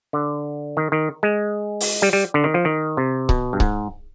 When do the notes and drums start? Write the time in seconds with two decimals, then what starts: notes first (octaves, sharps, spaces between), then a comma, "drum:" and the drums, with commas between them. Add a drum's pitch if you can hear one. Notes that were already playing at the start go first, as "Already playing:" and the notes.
0.13 D3
0.77 D#3
0.92 D#3
1.23 G#3
1.80 drum: open hi-hat
2.02 G3
2.13 G3
2.34 D3
2.44 D#3
2.54 F3
2.65 D#3
2.97 C3
3.29 B2, drum: kick C#1
3.53 G2
3.60 G#2, drum: kick C#1